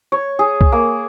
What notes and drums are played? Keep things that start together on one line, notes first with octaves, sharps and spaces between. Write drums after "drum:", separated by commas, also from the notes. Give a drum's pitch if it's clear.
C#5
G#4
drum: kick
A#3